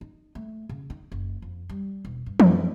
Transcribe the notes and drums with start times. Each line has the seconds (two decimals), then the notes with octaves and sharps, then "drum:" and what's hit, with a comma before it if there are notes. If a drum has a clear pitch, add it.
0.01 D#4
0.35 A3
0.69 C#3
0.90 D#4
1.12 F#1
1.42 F2
1.69 G3
2.05 E1
2.26 G2
2.40 F#2, drum: tom E3